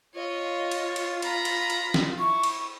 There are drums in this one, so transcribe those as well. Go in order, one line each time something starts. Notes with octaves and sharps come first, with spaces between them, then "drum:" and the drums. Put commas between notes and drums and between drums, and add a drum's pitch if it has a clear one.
F4 C#5 D#5
drum: cymbal
drum: cymbal
A#5 B5, drum: cymbal
drum: cymbal
drum: cymbal
drum: snare
E4 C#6
drum: cymbal